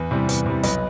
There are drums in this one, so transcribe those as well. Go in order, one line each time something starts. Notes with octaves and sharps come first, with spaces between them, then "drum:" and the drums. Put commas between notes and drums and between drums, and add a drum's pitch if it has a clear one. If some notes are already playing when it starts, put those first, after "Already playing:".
Already playing: E2 B4
C3 E3 G3
E2, drum: hi-hat
C3 E3 G3
B1 B4 D#5, drum: hi-hat